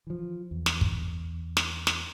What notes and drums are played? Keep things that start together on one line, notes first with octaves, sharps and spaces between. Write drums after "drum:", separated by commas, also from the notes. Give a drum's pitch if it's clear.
E3 F3
E2
drum: snare
drum: kick
drum: snare
drum: snare